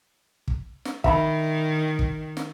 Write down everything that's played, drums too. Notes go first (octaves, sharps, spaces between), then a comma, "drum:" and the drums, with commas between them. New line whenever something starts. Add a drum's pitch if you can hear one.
drum: kick
drum: snare
D#3 E5 A#5 B5, drum: kick
drum: kick
drum: snare